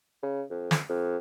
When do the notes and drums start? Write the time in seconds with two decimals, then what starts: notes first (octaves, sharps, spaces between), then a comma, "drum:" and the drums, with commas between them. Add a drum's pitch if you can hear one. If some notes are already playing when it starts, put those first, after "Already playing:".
0.23 C#3
0.50 F2
0.71 drum: snare
0.90 F2